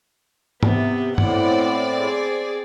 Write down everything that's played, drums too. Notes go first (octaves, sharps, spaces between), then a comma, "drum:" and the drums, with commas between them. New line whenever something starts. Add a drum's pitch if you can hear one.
C3 B3, drum: tom G#2
A2 C4 D5 F#5, drum: tom G2
G#4